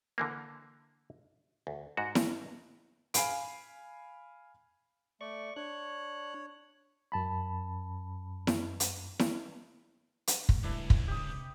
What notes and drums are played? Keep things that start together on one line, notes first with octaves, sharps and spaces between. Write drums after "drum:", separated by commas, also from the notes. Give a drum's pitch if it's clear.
D3 E3 A#3
D2
G#2 F#4
drum: snare E4
F5 G#5 B5 C7 D7, drum: hi-hat
A3 D5 C#6
D4 C#5 F#6
F#2 A5 B5
drum: snare E4
drum: hi-hat
drum: snare E4
drum: hi-hat
G#2 A3 B3, drum: kick
C#2 G3 A3 D4 E4 B4
drum: kick
A#1 D4 G4 D#6
C3